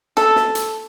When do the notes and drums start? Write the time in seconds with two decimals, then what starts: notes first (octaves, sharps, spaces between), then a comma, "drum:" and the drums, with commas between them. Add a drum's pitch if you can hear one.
0.17 A4, drum: snare
0.36 drum: snare
0.55 drum: hi-hat